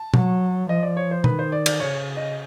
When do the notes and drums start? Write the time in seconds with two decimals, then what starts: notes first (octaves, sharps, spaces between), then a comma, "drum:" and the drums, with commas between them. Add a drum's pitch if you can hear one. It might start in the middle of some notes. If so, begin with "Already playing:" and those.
Already playing: A5
0.14 F#3, drum: tom B2
0.69 F3 D#5
0.83 D5
0.97 C#5
1.11 C5
1.24 D#3 B4, drum: tom B2
1.39 C5
1.52 D5
1.66 D5, drum: cymbal
1.80 C#3 C#5
2.17 D#5